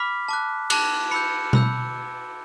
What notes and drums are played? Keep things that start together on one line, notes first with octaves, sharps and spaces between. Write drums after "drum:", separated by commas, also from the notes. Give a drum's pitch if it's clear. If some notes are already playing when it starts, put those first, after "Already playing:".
Already playing: B5 D6 F6 B6
A5 D6 F#6
A5 D6 F#6, drum: cymbal
B5 E6 G6 C#7
B5 E6 G6, drum: tom B2